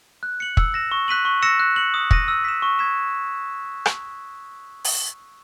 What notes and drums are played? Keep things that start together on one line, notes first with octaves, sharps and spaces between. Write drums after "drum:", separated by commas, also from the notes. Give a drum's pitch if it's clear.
F#6
C#7 F#7
E6, drum: kick
A#6 E7
C#6
F#6 B6 D#7 F#7
C#6
E6 A#6 C#7 E7
F#6
C#7 F#7
D#6
A#6 D#7, drum: kick
E6
B6 E7
C#6
G#6 B6 E7
drum: rim click
drum: open hi-hat